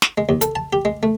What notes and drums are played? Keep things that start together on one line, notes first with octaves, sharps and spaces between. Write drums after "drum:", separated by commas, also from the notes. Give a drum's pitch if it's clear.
drum: snare
G#3
D#2
A4, drum: hi-hat
A5
G4
G#3
A3